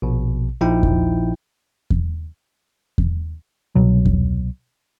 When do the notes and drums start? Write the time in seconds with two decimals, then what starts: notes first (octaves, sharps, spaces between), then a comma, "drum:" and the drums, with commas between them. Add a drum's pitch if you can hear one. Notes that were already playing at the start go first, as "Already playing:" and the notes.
0.02 A#1 B2
0.61 A#1 A#2 F3 D#4 E4 G5
0.83 drum: kick E2
1.90 drum: kick E2
2.98 drum: kick E2
3.75 C2 B2 F#3
4.05 drum: kick E2